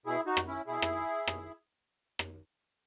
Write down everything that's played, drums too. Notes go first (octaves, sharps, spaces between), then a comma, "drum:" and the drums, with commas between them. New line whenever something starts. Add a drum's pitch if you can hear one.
B2 E4 G#4
D#4 F#4
drum: rim click
C#4 E4
B2 E4 G#4
drum: rim click
B2, drum: rim click
drum: rim click